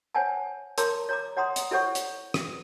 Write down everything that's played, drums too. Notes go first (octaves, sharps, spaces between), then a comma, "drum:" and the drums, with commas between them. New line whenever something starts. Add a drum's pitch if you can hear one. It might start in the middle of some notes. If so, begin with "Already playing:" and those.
C5 C#5 F#5 G#5 A5
A#4 C#5 A5 A#5 C6 D6, drum: hi-hat
C#5 A#5 D6
C#5 F#5 A#5 C6 D#6
drum: hi-hat
E4 A4 C5 C#5 F#5 C#6
drum: hi-hat
drum: rim click